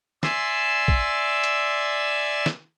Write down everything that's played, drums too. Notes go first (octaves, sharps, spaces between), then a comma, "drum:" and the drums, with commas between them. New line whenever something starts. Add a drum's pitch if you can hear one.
D5 E5 G#5 C6 E6, drum: snare
drum: kick A#1
drum: hi-hat
drum: snare